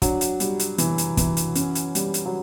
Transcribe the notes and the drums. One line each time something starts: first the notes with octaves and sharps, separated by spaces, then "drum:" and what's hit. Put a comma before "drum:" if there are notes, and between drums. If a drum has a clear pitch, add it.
F#3 D4, drum: kick, hi-hat
drum: hi-hat
G3, drum: hi-hat
drum: hi-hat
E3, drum: hi-hat
drum: hi-hat
E3, drum: kick, hi-hat
drum: hi-hat
C#4, drum: hi-hat
drum: hi-hat
G3, drum: hi-hat
drum: hi-hat
F#3